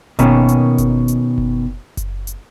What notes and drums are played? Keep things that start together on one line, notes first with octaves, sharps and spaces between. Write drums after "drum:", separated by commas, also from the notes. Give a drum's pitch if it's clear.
B2 D#3 A#3 C#4, drum: kick F#1, hi-hat
drum: hi-hat
drum: kick F#1, hi-hat
drum: hi-hat
drum: kick F#1
drum: kick F#1, hi-hat
drum: hi-hat